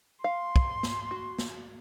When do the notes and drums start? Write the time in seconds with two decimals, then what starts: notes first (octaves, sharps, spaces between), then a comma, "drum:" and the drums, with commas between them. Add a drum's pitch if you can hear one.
0.24 F5 C6
0.56 drum: kick
0.83 drum: snare
1.11 F#4
1.38 drum: snare